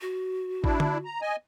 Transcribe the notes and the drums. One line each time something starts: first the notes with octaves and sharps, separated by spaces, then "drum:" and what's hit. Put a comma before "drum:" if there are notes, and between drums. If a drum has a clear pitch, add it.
F#4
D4 E4, drum: kick
drum: tom D3
A#5
D#5 G#5